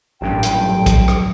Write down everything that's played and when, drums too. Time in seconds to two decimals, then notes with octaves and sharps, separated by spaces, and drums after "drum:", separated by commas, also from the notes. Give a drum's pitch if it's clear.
0.21 A1 G2 A#2 F#3 C4 G5
0.43 drum: hi-hat
0.86 drum: kick, hi-hat
1.08 drum: rim click